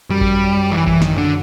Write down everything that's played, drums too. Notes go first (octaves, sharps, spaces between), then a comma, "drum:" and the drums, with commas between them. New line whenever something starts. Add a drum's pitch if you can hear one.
F#2 G3
drum: kick G#1
E3
E3, drum: kick G#1
D#3, drum: snare
D3